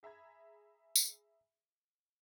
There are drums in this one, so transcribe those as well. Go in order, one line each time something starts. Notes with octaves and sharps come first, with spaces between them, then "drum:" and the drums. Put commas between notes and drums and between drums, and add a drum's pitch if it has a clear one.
G#4 E5 A#5 B5 G#6
drum: tambourine